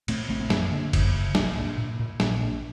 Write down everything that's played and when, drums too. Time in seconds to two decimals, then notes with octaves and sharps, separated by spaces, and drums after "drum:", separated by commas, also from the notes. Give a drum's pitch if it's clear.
0.08 A#2 A3 C4, drum: cymbal
0.29 A#1 A3 C4
0.40 A3 C4
0.50 F#2 A#3 D4, drum: snare
0.72 D3
0.93 F#2, drum: kick G1, cymbal
1.14 F#1
1.35 C2 A#3 D4, drum: snare
1.56 A#2
1.78 A#2
1.99 A#2
2.20 A#1 A#3 D4, drum: snare
2.41 A#2